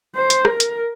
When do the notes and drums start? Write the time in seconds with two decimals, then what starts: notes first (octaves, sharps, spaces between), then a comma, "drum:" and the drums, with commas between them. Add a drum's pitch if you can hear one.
0.15 C5
0.30 drum: hi-hat
0.45 A#4, drum: rim click
0.60 drum: hi-hat